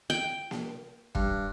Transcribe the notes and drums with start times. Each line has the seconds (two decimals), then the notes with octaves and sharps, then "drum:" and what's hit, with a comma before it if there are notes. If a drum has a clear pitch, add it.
0.10 G5
0.51 drum: snare A#3
1.15 G2, drum: kick